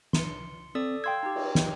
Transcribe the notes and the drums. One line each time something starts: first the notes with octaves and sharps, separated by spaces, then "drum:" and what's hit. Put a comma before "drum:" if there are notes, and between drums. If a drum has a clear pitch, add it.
C6 C#7, drum: snare
C4 A4 D5 D#6
F5 G5 C6 E6 G#6
D#4 G4
drum: cymbal
drum: snare